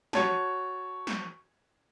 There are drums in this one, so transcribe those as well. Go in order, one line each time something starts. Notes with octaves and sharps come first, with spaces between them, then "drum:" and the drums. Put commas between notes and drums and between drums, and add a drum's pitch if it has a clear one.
F#4 C#5 A5, drum: snare
drum: snare